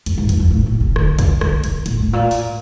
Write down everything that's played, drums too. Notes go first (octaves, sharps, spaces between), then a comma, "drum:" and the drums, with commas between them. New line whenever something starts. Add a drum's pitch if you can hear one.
F2, drum: hi-hat
G2
F2, drum: hi-hat
F2
A2
A#2
C3
D3, drum: rim click
drum: kick, hi-hat
D3, drum: rim click
C3, drum: hi-hat
A#2, drum: hi-hat
A2
A#2
drum: open hi-hat